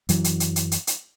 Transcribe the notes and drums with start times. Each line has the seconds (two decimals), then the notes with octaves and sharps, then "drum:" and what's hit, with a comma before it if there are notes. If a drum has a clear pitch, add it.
0.09 F#2 E3 F#3, drum: hi-hat
0.24 drum: hi-hat
0.40 drum: hi-hat
0.56 drum: hi-hat
0.72 drum: hi-hat
0.87 drum: hi-hat